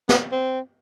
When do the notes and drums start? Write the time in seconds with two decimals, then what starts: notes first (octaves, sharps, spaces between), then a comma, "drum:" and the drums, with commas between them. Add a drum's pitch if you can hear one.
0.09 B3, drum: snare
0.32 C4